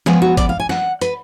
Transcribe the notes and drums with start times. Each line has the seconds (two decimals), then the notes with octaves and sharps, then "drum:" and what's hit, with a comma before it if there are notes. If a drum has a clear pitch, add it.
0.06 F3 G#3 B3 G#4, drum: snare
0.22 F#4
0.37 D5, drum: kick, hi-hat
0.49 F5
0.60 G#5
0.69 F#5, drum: snare
1.01 B4, drum: hi-hat